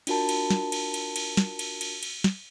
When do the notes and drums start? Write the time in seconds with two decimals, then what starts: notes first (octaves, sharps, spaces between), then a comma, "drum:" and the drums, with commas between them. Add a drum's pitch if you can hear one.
0.07 D4 F4 F#4 A#4 A5, drum: cymbal
0.29 drum: cymbal
0.50 drum: snare
0.72 drum: cymbal
0.94 drum: cymbal
1.16 drum: cymbal
1.37 drum: snare
1.59 drum: cymbal
1.81 drum: cymbal
2.03 drum: cymbal
2.24 drum: snare